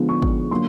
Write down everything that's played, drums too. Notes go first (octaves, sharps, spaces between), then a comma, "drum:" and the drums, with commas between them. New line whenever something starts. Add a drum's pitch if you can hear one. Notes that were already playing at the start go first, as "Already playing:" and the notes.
Already playing: D3 F3 G#3 B3
C#6
drum: kick G#1
D3 F#3 A#3 C6